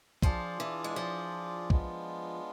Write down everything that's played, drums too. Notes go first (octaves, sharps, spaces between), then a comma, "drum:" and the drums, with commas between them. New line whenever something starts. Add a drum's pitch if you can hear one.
F3 D4 F4 G#4 D5, drum: kick
E3
G#3
F3
G#3 B3 D4 F4, drum: kick